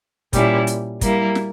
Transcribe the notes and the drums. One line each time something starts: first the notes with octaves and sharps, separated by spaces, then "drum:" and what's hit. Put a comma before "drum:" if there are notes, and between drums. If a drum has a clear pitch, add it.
A#2 G3 C#4 E4, drum: kick, hi-hat
drum: hi-hat
G3 A#3 E4, drum: kick, hi-hat
drum: snare